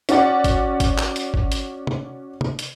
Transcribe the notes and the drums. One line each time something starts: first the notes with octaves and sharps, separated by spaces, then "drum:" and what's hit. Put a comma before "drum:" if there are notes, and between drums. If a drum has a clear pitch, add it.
C#4 F#4 D5 F#5, drum: hi-hat
drum: kick G1, hi-hat
drum: kick G1, hi-hat
drum: clap
drum: hi-hat
drum: kick G1
drum: hi-hat
drum: tom
drum: tom
drum: hi-hat